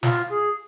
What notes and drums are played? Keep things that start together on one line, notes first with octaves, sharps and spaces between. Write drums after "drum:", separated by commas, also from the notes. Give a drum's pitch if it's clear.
F4, drum: snare
G#4